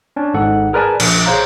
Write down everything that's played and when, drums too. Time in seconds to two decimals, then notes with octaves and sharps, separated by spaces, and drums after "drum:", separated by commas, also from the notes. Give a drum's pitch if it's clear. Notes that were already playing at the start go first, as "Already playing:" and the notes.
0.16 C#4 D4
0.34 G#1 G#2 A4 F#5
0.73 G#4 A#4 B4 D5 G#5 A5
1.00 A#1, drum: cymbal
1.26 G#4 C5 C#5 F5 A#5